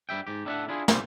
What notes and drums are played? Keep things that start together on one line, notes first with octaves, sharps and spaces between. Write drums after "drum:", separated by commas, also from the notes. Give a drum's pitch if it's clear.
G2 G3 E5 G5
G#2 G4
A2 D4 A4 C#5 E5 F#5
D4 E4 F4 G#4
G2 C#3 G3 C5, drum: snare